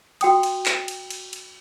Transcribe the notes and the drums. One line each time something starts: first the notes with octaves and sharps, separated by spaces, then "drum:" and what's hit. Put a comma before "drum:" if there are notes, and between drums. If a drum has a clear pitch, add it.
F#4 G5 D#6, drum: cymbal
drum: cymbal
drum: clap
drum: cymbal
drum: cymbal
drum: cymbal